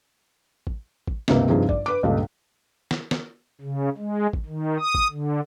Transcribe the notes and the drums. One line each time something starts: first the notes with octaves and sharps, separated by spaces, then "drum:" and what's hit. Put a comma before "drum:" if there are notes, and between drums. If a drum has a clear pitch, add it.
drum: kick
drum: kick
G1 C#2 C3 A#3, drum: snare
G2 C3 F3 D#4 G#4
D5, drum: kick
B4 D6
C#2 G2 A#2 A4
drum: snare
drum: snare
C#3
G#3
drum: kick
D#3
D#6
drum: kick
D3